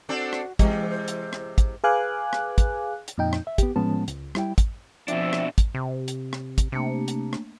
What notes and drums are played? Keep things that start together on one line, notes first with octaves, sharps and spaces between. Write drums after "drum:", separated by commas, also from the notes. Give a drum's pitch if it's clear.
C4 D4 F#4 A4
drum: rim click
C3 E3 G#3 G4, drum: kick, hi-hat
C5
drum: hi-hat
drum: rim click
drum: kick, hi-hat
G#4 B4 F5 G#5 D6 F#6
drum: rim click
drum: kick, hi-hat
drum: hi-hat
F2 A#2 D#4 G5
drum: rim click
E5
B3 G4, drum: kick, hi-hat
A2 F3 G#3 B3 C#4 A5
C#2, drum: hi-hat
G3 E4 G5, drum: rim click
drum: kick, hi-hat
B2 F3 C4 D4 E5, drum: hi-hat
drum: rim click
drum: kick, hi-hat
C3
drum: hi-hat
drum: rim click
drum: kick, hi-hat
C3 A3 A#3 D4
drum: hi-hat
drum: rim click